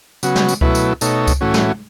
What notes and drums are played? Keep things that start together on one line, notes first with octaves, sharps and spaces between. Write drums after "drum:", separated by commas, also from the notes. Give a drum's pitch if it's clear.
C#3 F#3 B3 F#4, drum: tambourine
drum: snare
drum: tambourine
B2 F#3 A3 E4 B4, drum: kick C#2
drum: tambourine
B2 A3 D#4 A4 C#5, drum: tambourine
drum: kick C#2, tambourine
A2 E3 A3 C#4 F#4
drum: snare